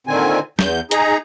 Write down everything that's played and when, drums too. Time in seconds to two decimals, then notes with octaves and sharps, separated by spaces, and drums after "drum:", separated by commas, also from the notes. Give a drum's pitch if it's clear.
0.07 A#2 D3 D#3 C4 G#5
0.59 E2 G6, drum: snare
0.91 D#4 G#4 A#5, drum: hi-hat